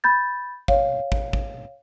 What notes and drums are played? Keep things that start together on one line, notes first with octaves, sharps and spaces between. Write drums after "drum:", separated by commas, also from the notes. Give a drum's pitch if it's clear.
B5 G6 A6
C#5 F5, drum: kick
drum: kick
drum: kick